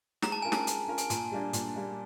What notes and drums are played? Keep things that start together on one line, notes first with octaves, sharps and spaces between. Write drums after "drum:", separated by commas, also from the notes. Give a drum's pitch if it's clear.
G#3 A#5, drum: snare
A5
C#4 F4 A#4 G#5
A5, drum: snare
G#3, drum: hi-hat
C#4 F4 A#4
G#5, drum: hi-hat
A#2 A5, drum: hi-hat
G3 A#3 D4
A#2, drum: hi-hat
G3 A#3 D4